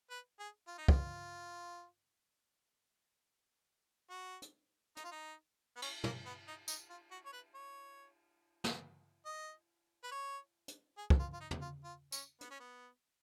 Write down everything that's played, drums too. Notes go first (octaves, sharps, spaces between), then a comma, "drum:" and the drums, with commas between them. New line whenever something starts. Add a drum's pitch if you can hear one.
B4
G#4
F4
D#4
F4, drum: kick
F#4
drum: hi-hat
D#4, drum: hi-hat
F4
D#4
B3
C#4, drum: cymbal
A#3, drum: tom
B3
D#4
D#4, drum: tambourine
F4
F#4
C#5
B4
C#5
drum: snare
D#5
B4
C#5
drum: hi-hat
G#4
drum: kick
F4
F4
D#4
drum: tom
F4
F4
C#4, drum: tambourine
B3, drum: hi-hat
C#4
B3